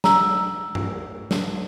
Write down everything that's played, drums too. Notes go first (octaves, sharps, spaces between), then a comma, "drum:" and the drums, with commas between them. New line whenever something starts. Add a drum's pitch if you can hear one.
A#5 E6, drum: snare
drum: tom G2
drum: snare